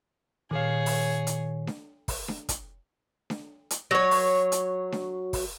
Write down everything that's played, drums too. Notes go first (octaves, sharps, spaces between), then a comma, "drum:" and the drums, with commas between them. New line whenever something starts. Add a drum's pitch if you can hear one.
A#2 D#3 G#4 C#5 F5
drum: open hi-hat
drum: hi-hat
drum: snare D4
drum: kick, open hi-hat
drum: snare D4
drum: kick, hi-hat
drum: snare D4
drum: hi-hat
F#3 C#5
drum: open hi-hat
drum: hi-hat
drum: snare D4
drum: kick, open hi-hat